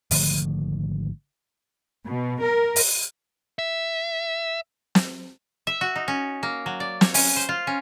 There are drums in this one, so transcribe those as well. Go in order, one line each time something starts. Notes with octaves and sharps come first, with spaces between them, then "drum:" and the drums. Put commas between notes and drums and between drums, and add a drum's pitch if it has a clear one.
G#1 D3 F3 A3, drum: open hi-hat
B2
A#4
drum: open hi-hat
E5
drum: snare
E5
F#4
D#4
C#4
A#3
F#3
D5
C#5, drum: snare
C#4, drum: open hi-hat
C5
F4
C#4